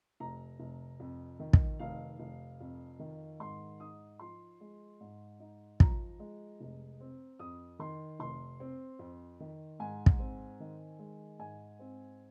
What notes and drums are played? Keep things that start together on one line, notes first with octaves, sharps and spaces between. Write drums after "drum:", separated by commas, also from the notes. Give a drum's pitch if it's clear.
F1 A#5
F1
F2
D#3
drum: kick
F1 F5
F1
F2
D#3
G#2 C6
D#4 D#6
F3 C6
G#3
G#2
D#4
F3 A#5, drum: kick
G#3
F1
C4
F2 D#6
D#3 C6
F1 C6
C4
F2
D#3
G#2 G#5
drum: kick
C4
D#3
G#3
G#2 G#5
C4